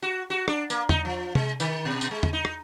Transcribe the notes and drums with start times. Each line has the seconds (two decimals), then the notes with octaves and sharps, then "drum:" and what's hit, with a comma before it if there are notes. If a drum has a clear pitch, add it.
0.02 F#4
0.30 F#4
0.48 D4, drum: rim click
0.70 A#3, drum: tambourine
0.89 D#4, drum: tom E2
1.05 F3
1.35 G#3, drum: tom C3
1.60 D#3, drum: tambourine
1.85 B2
2.01 drum: tambourine
2.11 G#3
2.23 drum: tom E2
2.33 D#4
2.45 drum: rim click